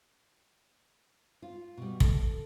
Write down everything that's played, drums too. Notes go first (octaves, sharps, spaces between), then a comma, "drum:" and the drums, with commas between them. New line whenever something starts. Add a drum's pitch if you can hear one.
F4
B2 G3
A4, drum: kick